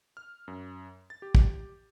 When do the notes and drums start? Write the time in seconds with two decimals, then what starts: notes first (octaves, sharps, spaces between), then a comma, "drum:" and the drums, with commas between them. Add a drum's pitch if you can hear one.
0.17 F6
0.48 F#2
1.10 A6
1.22 G4
1.35 drum: kick